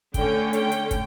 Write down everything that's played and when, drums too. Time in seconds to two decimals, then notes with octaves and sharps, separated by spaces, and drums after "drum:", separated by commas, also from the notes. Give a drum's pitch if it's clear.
0.14 D3 A3 C#4 G5, drum: kick, hi-hat
0.53 G5, drum: hi-hat
0.72 drum: hi-hat
0.91 drum: kick, hi-hat